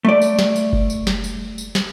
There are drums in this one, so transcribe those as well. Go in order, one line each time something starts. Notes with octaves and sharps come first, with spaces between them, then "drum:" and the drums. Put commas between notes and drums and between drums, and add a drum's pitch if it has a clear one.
A3 D5
drum: tambourine
drum: snare
drum: tambourine
drum: kick F#1
drum: tambourine
drum: snare
drum: tambourine
drum: tambourine
drum: snare